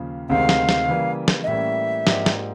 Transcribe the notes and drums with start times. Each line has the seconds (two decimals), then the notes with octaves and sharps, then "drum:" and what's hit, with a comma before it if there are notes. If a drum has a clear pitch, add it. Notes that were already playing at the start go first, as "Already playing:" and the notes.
Already playing: D#2 C#3 F3
0.29 D2 C3 D#3 G#3 C4 F5
0.49 drum: snare
0.69 drum: snare
0.88 C#3 E3 G3 A#3
1.28 drum: snare
1.43 D#5
1.47 A2 E3 G3 A#3 C#4 E5
2.07 G#2 F3 A#3 D4 G4, drum: snare
2.26 drum: snare